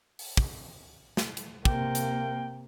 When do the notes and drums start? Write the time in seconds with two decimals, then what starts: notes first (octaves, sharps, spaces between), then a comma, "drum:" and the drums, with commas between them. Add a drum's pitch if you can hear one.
0.19 drum: open hi-hat
0.37 drum: kick
1.17 drum: snare
1.37 drum: hi-hat
1.65 C3 A#3 G5, drum: kick
1.95 drum: hi-hat